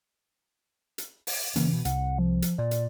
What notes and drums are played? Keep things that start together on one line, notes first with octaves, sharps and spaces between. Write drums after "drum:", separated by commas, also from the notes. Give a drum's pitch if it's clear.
drum: hi-hat
drum: open hi-hat
C#3 E3 A#3 C#4, drum: hi-hat
B2
C2 F#5, drum: hi-hat
F3
drum: hi-hat
A#2 D5
drum: hi-hat